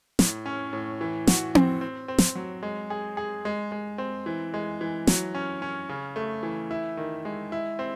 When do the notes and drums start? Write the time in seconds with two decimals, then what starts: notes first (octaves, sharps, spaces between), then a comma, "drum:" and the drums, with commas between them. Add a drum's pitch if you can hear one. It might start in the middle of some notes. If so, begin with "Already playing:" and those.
0.19 A2, drum: snare
0.46 C#4
0.73 A2
1.01 E3
1.27 F#4, drum: snare
1.55 C4, drum: tom C4
1.81 C4
2.08 C4
2.18 drum: snare
2.35 F#3
2.63 G#3
2.90 G#4
3.17 G#4
3.45 G#3
3.72 G#3
3.98 C4
4.26 E3
4.54 G#3
4.81 E3
5.07 F#3, drum: snare
5.35 C#4
5.62 C#4
5.89 C#3
6.16 A3
6.43 E3
6.71 E4
6.97 D#3
7.25 G#3
7.52 E4
7.79 C4